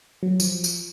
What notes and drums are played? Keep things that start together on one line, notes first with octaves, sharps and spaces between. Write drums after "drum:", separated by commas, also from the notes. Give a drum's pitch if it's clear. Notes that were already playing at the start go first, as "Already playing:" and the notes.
F#3
F3, drum: tambourine
drum: tambourine